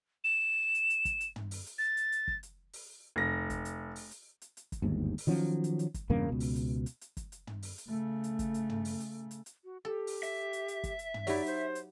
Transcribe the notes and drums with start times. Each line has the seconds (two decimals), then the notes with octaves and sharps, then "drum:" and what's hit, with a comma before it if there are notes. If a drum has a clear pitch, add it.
0.24 E7
0.75 drum: hi-hat
0.90 drum: hi-hat
1.05 drum: kick, hi-hat
1.21 drum: hi-hat
1.36 drum: tom
1.51 drum: open hi-hat
1.66 drum: hi-hat
1.78 A6
1.97 drum: hi-hat
2.12 drum: hi-hat
2.28 drum: kick
2.43 drum: hi-hat
2.73 drum: open hi-hat
3.16 F1 A#6
3.50 drum: kick, hi-hat
3.65 drum: hi-hat
3.96 drum: open hi-hat
4.11 drum: hi-hat
4.42 drum: hi-hat
4.57 drum: hi-hat
4.72 drum: kick, hi-hat
4.82 G1 D#2 G#2
5.18 drum: open hi-hat
5.27 D#3 F3 F#3 C#4
5.64 drum: hi-hat
5.79 drum: hi-hat
5.94 drum: kick, hi-hat
6.10 E2 G2 C#3 A#3
6.30 C#2 B2
6.40 drum: open hi-hat
6.56 drum: hi-hat
6.86 drum: hi-hat
7.01 drum: hi-hat
7.17 drum: kick, hi-hat
7.32 drum: hi-hat
7.47 drum: tom
7.63 drum: open hi-hat
7.78 drum: hi-hat
7.89 C#3 A3
8.24 drum: hi-hat
8.39 drum: kick, hi-hat
8.54 drum: hi-hat
8.70 drum: tom
8.85 drum: open hi-hat
9.00 drum: hi-hat
9.31 drum: hi-hat
9.46 drum: hi-hat
9.64 F#4
9.85 G4 A4
10.07 drum: open hi-hat
10.23 E5, drum: hi-hat
10.53 drum: hi-hat
10.68 drum: hi-hat
10.84 drum: kick, hi-hat
10.99 drum: hi-hat
11.14 drum: tom
11.27 F#3 D#4 E4 G4 C#5 D5, drum: open hi-hat
11.46 C5, drum: hi-hat
11.75 drum: hi-hat